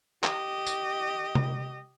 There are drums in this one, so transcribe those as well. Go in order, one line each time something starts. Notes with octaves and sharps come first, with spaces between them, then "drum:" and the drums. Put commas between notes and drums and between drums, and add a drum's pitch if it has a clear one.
G4 D#5, drum: clap
drum: tambourine
drum: tom C3